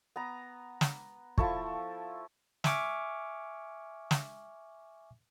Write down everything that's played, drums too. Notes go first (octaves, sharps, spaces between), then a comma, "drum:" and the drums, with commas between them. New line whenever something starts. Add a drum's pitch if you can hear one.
B3 A#5
drum: snare
F3 E4 A4 C#6, drum: kick
E5 G#5 C#6 D6 F6, drum: snare
drum: snare